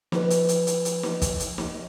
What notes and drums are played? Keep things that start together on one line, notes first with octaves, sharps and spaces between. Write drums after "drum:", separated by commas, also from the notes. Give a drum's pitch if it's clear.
F3 B4, drum: snare
drum: hi-hat
drum: hi-hat
drum: hi-hat
drum: hi-hat
drum: snare
drum: kick, hi-hat
drum: hi-hat
drum: snare